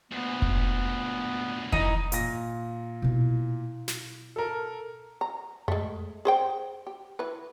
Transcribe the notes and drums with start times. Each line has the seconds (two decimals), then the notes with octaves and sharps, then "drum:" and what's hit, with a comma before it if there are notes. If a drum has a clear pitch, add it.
0.12 D2 A#2 B3
0.42 drum: kick F1
1.72 E3 D#4, drum: kick F1
2.12 A#2 A#6, drum: hi-hat
3.02 B2 E4
3.88 drum: snare
4.36 A4 A#4
5.21 A#5
5.68 G#3 A3, drum: tom F2
6.25 G#4 C5 G5
6.87 G4
7.19 E3 B4